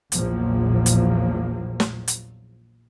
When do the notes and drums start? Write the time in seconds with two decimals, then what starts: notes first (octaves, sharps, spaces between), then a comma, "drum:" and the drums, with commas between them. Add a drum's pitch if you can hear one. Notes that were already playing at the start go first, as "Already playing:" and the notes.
0.12 A#1 E2 A#2 F3 F#3 A#3, drum: hi-hat
0.86 drum: hi-hat
1.80 drum: snare
2.08 drum: hi-hat